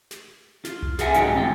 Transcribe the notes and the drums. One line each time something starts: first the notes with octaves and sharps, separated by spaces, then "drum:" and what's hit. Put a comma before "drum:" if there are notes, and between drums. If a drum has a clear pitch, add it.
drum: snare
F4, drum: snare
drum: tom C2
G#4 A4 B4 E5 F#5 G#5, drum: snare
G#2 F#3 C#4 D#4 G4 G#4, drum: hi-hat
E2 A2 C4 F4 G5